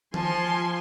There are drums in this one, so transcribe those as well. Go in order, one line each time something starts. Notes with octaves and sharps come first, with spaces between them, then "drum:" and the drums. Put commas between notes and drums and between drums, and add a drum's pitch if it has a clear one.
F3 G#5 A5 C6, drum: tom D#3